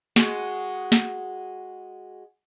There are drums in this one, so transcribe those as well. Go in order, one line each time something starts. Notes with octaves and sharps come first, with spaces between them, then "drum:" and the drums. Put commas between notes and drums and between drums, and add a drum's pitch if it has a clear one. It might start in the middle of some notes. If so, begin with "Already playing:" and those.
G#3 F#4, drum: snare
drum: snare